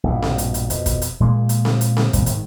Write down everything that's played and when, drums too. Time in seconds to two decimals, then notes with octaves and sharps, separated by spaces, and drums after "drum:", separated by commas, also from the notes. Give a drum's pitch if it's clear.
0.03 A#1 G2 B2
0.22 drum: snare C4
0.38 drum: hi-hat
0.54 drum: hi-hat
0.70 F2 B2, drum: hi-hat
0.86 drum: kick, hi-hat
1.02 drum: hi-hat
1.20 A#2 F3 G#3 A#3
1.49 drum: hi-hat
1.65 drum: snare C4
1.81 drum: hi-hat
1.97 drum: snare C4
2.13 G2 A#2 E3, drum: kick, hi-hat
2.26 G#2 D#3, drum: hi-hat